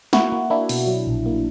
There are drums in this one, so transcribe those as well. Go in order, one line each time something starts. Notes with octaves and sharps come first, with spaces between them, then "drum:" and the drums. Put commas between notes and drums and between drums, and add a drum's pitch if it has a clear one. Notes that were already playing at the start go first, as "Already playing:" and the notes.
A#3 E4 F#4, drum: snare
A#3
A#3 D4 E4
B2, drum: open hi-hat
F#3
A#1
A#3